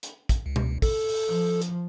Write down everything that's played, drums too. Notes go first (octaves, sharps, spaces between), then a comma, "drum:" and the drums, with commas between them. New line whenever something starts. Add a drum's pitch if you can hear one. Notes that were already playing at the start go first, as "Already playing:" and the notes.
drum: hi-hat
drum: kick, hi-hat
C#2
drum: tom B2
A4, drum: kick, open hi-hat
drum: open hi-hat
F3
drum: hi-hat